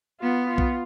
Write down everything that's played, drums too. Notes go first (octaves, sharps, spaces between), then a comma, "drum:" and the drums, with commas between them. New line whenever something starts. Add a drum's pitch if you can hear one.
B3 F4
F4
drum: kick